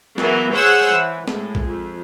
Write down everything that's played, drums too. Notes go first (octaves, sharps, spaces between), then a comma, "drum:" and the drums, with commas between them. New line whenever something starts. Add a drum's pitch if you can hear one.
E3 F#3 A#3 B3 F#4, drum: snare
G#4 C5 C#5 F#5 G#5 E6
E3
A2 G#3, drum: snare
drum: kick
F2